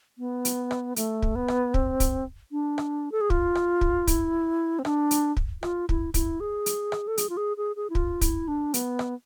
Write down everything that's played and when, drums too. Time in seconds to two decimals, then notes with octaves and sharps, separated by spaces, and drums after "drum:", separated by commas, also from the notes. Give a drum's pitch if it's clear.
0.18 B3
0.45 drum: hi-hat
0.71 drum: rim click
0.96 A3, drum: hi-hat
1.22 drum: kick
1.36 B3
1.48 drum: rim click
1.74 C4, drum: kick
2.00 drum: kick, hi-hat
2.52 D4
2.78 drum: rim click
3.12 A4
3.21 G#4
3.30 F4, drum: kick
3.55 drum: rim click
3.81 drum: kick
4.07 E4, drum: kick, hi-hat
4.79 C4
4.85 D4, drum: rim click
5.11 drum: hi-hat
5.37 drum: kick
5.63 F4, drum: rim click
5.89 E4, drum: kick
6.14 E4, drum: kick, hi-hat
6.40 G#4
6.66 drum: hi-hat
6.92 drum: rim click
7.07 A4
7.18 G#4, drum: hi-hat
7.29 F4
7.37 G#4
7.57 G#4
7.76 G#4
7.90 E4
7.95 F4, drum: kick
8.21 E4, drum: kick, hi-hat
8.48 D4
8.74 B3, drum: hi-hat
8.99 drum: rim click